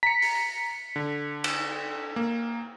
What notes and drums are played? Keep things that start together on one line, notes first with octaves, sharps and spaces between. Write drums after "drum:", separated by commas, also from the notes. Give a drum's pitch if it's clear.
A#5 B6 C#7
drum: open hi-hat
D3
drum: cymbal
A#3